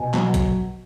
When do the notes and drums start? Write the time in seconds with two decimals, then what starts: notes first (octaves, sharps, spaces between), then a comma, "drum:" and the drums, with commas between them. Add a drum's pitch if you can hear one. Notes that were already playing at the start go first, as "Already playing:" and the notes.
Already playing: B2 G#5
0.14 F#3, drum: clap
0.34 drum: kick, hi-hat